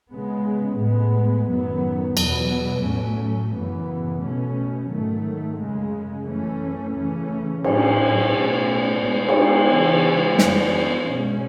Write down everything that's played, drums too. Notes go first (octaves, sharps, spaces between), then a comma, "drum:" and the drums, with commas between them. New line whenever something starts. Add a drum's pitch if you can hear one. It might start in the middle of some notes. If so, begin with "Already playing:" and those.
C#3 G#3 B3
A2 G#3 B3
F#2 D#3 F#3 B3
E2 B2 F#3 B3, drum: cymbal
A2 F#3 A3 C#4
F#2 C#3 E3 B3
B2 A3 C#4
G#2 D#3 F#3 A3
F#2 C#3 G#3
F#2 E3 A3 C#4
C#3 E3 A3 C#4
A2 F#3 C#4, drum: cymbal
B2 A3 C#4
B2 G#3 B3
drum: cymbal
C#3 E3 G#3 B3
F#2 E3 B3, drum: snare
B2 G#3 C#4